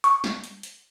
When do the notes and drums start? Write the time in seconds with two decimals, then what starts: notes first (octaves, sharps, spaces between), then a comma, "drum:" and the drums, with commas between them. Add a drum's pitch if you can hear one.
0.04 C#6, drum: hi-hat
0.24 drum: snare
0.44 drum: hi-hat
0.63 drum: hi-hat